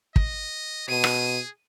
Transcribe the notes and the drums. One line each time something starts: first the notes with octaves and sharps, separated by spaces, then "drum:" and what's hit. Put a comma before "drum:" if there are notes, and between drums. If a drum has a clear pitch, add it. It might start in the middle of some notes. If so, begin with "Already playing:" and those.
D#5, drum: kick
B2 G#4 D#7
drum: rim click